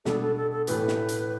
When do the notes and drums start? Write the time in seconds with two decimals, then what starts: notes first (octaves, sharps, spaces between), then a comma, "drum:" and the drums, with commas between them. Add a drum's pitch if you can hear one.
0.05 B2 G3 D4 A4, drum: snare
0.21 A4
0.36 A4
0.52 A4
0.67 A2 E3 A3 G4 B4, drum: hi-hat
0.88 drum: snare
1.08 drum: hi-hat